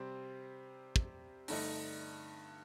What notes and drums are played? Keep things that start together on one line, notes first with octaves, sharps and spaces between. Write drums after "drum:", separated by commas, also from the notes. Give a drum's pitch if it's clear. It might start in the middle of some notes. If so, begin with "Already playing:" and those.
Already playing: C3 G3 C4
drum: kick
G2 D3 A3 D#4, drum: open hi-hat